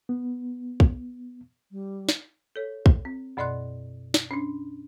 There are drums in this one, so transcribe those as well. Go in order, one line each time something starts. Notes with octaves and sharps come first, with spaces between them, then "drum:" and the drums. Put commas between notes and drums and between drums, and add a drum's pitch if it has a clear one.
B3
drum: kick
G3
drum: snare
A4 C#5
drum: kick
C4
F#2 B2 D5 D#5 C6 F#6
drum: snare
C#4 D4